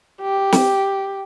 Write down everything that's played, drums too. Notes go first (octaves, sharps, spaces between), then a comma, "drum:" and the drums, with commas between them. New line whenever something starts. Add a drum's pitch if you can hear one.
G4
drum: snare